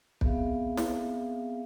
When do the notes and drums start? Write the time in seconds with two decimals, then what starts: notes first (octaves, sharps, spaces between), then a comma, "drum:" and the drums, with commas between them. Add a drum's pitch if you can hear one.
0.21 B3 C4 G#4 E5 F5, drum: kick
0.77 drum: snare